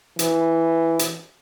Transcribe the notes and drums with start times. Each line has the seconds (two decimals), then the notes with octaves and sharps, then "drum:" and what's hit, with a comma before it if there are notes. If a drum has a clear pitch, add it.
0.19 E3, drum: hi-hat
0.99 drum: hi-hat